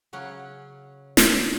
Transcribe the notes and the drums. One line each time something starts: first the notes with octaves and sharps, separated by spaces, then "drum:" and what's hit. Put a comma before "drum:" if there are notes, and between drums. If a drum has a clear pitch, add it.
C#3 F#3 C#4 F#5
drum: snare